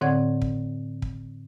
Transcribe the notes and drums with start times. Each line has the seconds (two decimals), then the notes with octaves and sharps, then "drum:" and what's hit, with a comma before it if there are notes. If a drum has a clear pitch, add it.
0.01 A2 D3 C4 C#5 F#5 G#6
0.42 drum: kick
1.02 drum: kick